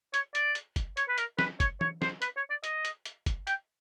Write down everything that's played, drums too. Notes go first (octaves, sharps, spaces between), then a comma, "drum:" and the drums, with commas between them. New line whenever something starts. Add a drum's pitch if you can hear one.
C#5, drum: hi-hat
D5, drum: hi-hat
drum: hi-hat
drum: kick, hi-hat
C#5, drum: hi-hat
B4
A#4, drum: hi-hat
B4, drum: snare
C#5, drum: kick, hi-hat
C#5, drum: tom
C5, drum: snare
B4, drum: hi-hat
C#5
D5
D#5, drum: hi-hat
drum: hi-hat
drum: hi-hat
drum: kick, hi-hat
G5, drum: hi-hat